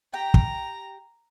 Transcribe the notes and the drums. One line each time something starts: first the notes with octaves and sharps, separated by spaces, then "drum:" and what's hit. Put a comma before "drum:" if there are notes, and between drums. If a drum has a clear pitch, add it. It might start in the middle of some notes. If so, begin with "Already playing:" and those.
G4 G5 A#5
drum: kick